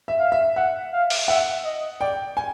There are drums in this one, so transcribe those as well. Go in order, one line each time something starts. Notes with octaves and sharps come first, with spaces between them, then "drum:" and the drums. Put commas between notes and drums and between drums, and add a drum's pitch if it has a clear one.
E5
F5
E5
E5 F#5
F5
drum: open hi-hat
E5 F#5
D#5
D5 G5
G#5